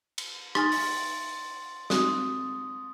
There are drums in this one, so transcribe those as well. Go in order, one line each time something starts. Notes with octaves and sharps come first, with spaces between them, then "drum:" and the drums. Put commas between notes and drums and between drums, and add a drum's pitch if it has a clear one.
drum: cymbal
D#4 G#5 C6 F6 A6, drum: rim click
drum: open hi-hat
G#3 C4 F#4 D#6, drum: snare